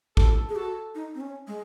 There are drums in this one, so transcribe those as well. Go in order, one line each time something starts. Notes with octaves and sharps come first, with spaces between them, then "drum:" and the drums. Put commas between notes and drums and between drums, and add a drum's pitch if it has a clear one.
A4, drum: kick
G#4
F#4 A4
D#4
C4
C#4
G#3